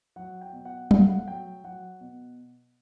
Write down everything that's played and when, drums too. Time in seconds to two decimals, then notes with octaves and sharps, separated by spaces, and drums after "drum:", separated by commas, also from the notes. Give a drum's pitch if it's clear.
0.16 F#3 F#5
0.41 G5
0.53 B2
0.65 F#5
0.91 A3 F#5, drum: tom F#3
1.00 F5
1.09 F#5
1.27 F#3 G5
1.64 F#3 F#5
2.01 B2